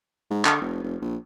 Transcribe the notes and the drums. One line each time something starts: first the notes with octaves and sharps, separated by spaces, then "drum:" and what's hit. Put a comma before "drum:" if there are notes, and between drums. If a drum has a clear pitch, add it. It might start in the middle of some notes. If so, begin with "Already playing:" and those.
G#2
D3, drum: clap
F1
F1
A#1